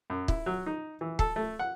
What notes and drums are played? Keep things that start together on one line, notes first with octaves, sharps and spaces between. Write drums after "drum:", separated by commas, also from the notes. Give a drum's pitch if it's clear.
F#2
E4, drum: kick
F#3
D#4
E3
A4, drum: kick
A3
F#5